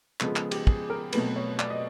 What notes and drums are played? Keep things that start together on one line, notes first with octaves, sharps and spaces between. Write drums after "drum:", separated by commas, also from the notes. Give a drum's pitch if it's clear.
C#3 F3 G#3 B3 A4, drum: clap
G#4, drum: clap
G4, drum: cymbal
G#4, drum: kick
A#4
B2 F#3 A3 C4 B4, drum: cymbal
C#5
D5, drum: clap
D#5